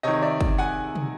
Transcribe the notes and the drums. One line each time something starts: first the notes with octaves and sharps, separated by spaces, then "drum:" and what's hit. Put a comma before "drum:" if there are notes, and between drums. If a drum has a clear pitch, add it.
C3 D#3 C#5 D#5
D5 E5
drum: kick
F#5 G#5
drum: tom